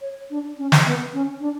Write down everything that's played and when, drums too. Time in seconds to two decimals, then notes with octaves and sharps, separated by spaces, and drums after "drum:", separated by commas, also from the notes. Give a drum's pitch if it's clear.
0.01 C#5
0.30 D4
0.58 C#4
0.72 drum: snare
0.86 B3
1.13 C#4
1.40 D4